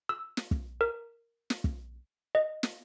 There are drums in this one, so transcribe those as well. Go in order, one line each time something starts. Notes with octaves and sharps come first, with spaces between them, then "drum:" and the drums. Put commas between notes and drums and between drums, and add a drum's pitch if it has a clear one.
E6
drum: snare
drum: kick
A#4
drum: snare
drum: kick
D#5
drum: snare